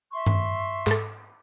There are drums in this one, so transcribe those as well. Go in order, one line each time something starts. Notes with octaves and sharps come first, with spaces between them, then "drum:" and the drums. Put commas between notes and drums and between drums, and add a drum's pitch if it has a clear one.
E5 C6 C#6
drum: tom G2
G#2 A4, drum: clap